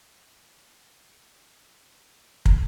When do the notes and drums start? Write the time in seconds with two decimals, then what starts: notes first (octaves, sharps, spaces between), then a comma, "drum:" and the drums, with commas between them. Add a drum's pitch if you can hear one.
0.68 F5 A#5
2.12 G4 G#4 E5
2.46 drum: kick